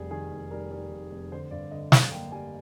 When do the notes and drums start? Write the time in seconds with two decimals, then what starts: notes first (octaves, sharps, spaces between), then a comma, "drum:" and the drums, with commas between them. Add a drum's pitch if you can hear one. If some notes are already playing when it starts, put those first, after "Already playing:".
Already playing: F1 G3 G#4
0.11 D#3 G#4
0.31 F1
0.51 G3 A#4
0.71 G3
0.91 F1
1.11 F1
1.32 D3 C5
1.51 G2 D5
1.71 D3 D#5
1.92 D3 F5, drum: snare
2.12 A#3 G5
2.32 G3 G#5